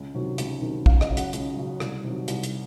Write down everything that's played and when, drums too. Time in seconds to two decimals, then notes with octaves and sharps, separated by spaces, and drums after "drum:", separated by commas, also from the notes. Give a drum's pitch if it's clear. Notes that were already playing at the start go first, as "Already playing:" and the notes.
Already playing: C#2
0.15 C3 D#3 F#3
0.38 C#2, drum: hi-hat
0.62 C3 D#3 F#3
0.86 C#2 F5, drum: kick
1.01 D#5, drum: rim click
1.09 C#3 F#3
1.17 F#5, drum: hi-hat
1.33 C#2, drum: hi-hat
1.57 C#3 F#3
1.80 C2, drum: rim click
2.04 C3 D#3 F#3
2.28 C2, drum: hi-hat
2.43 drum: hi-hat